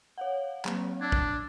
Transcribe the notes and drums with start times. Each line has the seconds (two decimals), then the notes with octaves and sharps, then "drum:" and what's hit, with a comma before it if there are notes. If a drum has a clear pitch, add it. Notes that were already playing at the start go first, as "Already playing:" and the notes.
0.18 C#5 F5 F#5
0.65 F#3 A#3 C4, drum: clap
1.01 D4 A5 E6 G#6
1.12 drum: kick